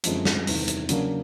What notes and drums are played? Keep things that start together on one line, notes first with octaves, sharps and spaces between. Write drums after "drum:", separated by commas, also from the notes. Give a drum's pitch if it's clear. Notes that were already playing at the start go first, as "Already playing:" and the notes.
F#2 D3 F3 G#3 C4, drum: hi-hat
drum: snare
E2 C3 D#3, drum: open hi-hat
drum: hi-hat
C#3 F#3 A#3 D4, drum: hi-hat